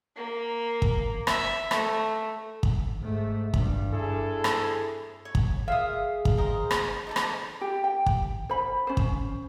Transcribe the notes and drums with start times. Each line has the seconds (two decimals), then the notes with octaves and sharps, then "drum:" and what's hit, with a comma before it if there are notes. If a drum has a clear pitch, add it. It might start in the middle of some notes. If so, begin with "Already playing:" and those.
0.16 A#3
0.82 drum: kick
1.27 E5, drum: rim click
1.71 A3, drum: rim click
2.63 drum: kick
3.00 G#2 A3
3.54 G2, drum: kick
3.91 E4 G#4 A4
4.44 drum: rim click
5.25 C#5
5.35 drum: kick
5.68 G#4 E5 F5 D#6
6.25 drum: kick
6.38 A#4 C5 D#5
6.71 drum: rim click
7.07 D#4 A4 D5
7.16 drum: rim click
7.61 G4
7.84 G5
8.06 drum: kick
8.49 C5 B5
8.87 C#4 C5
8.97 drum: kick